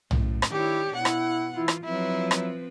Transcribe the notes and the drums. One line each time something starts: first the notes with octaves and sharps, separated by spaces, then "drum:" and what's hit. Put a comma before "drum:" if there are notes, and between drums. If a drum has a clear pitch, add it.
F#2 A2, drum: tom
drum: rim click
D#3 D4 E4 G4 C#5
B2 E4 F#5
drum: rim click
E3 E4 F4
drum: rim click
F3 F#3 C4 E4 B4
drum: rim click